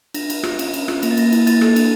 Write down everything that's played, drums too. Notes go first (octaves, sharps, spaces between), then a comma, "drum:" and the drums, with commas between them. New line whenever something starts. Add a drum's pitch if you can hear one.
D4 A#6, drum: cymbal
D4, drum: cymbal
F4, drum: rim click
C#4, drum: cymbal
C#4, drum: cymbal
F4, drum: rim click
A#3 A#6, drum: cymbal
A6
A#3 A#6, drum: cymbal
E4, drum: cymbal
A#3 A6, drum: cymbal
A4, drum: rim click
A6
D4, drum: cymbal